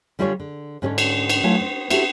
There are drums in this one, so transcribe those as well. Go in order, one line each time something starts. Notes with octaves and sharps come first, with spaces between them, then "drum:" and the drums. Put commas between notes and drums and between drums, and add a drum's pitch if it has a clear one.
D3 G3 E4 F4 G#4 C#5
D3
G#2 D3 C#4 G#4 A4 C#5
drum: cymbal
drum: cymbal
F#3 A3 E4 F4 F5 G#5
C4
C4 E4 F#4 G4 A4, drum: cymbal